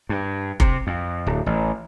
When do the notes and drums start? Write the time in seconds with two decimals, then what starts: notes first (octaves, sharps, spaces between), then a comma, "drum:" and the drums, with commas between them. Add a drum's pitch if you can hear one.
0.09 G2
0.60 C3, drum: kick F1
0.87 F2
1.26 D1
1.46 A1